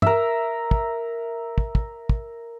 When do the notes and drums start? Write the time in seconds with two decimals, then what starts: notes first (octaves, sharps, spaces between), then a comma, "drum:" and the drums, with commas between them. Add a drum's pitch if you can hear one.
0.02 A#4 E5, drum: tom
0.71 drum: kick
1.58 drum: kick
1.75 drum: kick
2.09 drum: kick